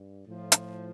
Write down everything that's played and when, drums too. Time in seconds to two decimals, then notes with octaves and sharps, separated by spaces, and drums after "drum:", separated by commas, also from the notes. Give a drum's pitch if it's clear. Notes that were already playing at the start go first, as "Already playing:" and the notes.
Already playing: G2
0.27 A2 F3
0.52 drum: hi-hat